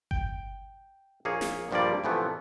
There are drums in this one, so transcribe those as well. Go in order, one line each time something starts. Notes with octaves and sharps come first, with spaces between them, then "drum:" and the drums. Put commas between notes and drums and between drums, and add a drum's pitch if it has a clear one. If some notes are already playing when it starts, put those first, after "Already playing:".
G5, drum: kick G1
A#1 A#3 G#4 C#5 G#5
drum: snare
A#1 G2 F3 G3 A#3 D5
A2 C3 E3 F3 A3 B3